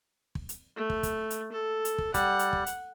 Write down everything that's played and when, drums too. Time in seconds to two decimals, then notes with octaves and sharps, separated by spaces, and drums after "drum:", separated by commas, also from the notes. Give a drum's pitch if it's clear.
0.35 drum: kick
0.49 drum: hi-hat
0.76 A3
0.90 drum: kick
1.03 drum: kick, hi-hat
1.30 drum: hi-hat
1.52 A4
1.85 drum: hi-hat
1.98 drum: kick
2.14 G3 F#5, drum: kick, hi-hat
2.39 drum: hi-hat
2.53 drum: kick
2.66 drum: hi-hat